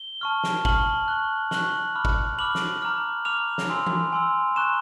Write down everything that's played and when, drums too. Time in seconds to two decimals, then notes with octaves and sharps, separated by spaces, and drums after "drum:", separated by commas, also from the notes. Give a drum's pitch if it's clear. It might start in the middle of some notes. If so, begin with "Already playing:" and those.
Already playing: G7
0.21 A5 C#6 F6
0.44 drum: snare
0.65 A5 C#6 F6 F#7, drum: kick
1.08 C#6 F#6
1.51 C#6 F#6 F#7, drum: snare
1.95 B5 D6 F6
2.05 drum: kick
2.38 B5 D6 F6 F#7
2.55 drum: snare
2.82 A#5 D6 F6
3.25 A#5 D6 F6 F7
3.58 drum: snare
3.69 G#5 C6 E6
3.86 drum: tom E3
4.12 G#5 C6 E6
4.56 A#5 C#6 F#6 E7